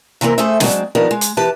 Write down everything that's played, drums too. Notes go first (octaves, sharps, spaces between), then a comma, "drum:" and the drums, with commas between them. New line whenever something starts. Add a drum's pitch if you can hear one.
C3 E3 A#3 C4 A#4
A3 G#4 A4 C5 E5
F#3 G#3 C4 D4, drum: snare
D#3 F3 B3 D4 G4 A#4
G#3
drum: hi-hat
E3 G4 B4 A5